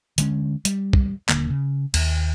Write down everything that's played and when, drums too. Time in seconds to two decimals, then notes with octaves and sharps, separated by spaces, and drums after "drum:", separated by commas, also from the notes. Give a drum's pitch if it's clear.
0.18 D3 G#3 C#4, drum: hi-hat
0.65 G3, drum: hi-hat
0.93 drum: kick
1.29 D#1 D3 A#3, drum: clap
1.50 C#3
1.94 D#2, drum: cymbal